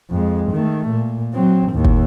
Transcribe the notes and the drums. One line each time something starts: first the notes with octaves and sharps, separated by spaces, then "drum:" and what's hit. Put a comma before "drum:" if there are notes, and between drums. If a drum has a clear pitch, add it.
F2 G#3
D#3 A3
A#2
F#3 C4
D#2 A2
drum: kick